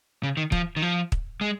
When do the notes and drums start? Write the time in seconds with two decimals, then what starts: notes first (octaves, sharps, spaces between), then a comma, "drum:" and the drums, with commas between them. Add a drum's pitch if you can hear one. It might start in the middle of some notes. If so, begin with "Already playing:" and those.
0.23 C#3
0.37 D#3
0.52 F3, drum: kick
0.76 D#3
0.82 F3
1.12 drum: kick
1.41 G#3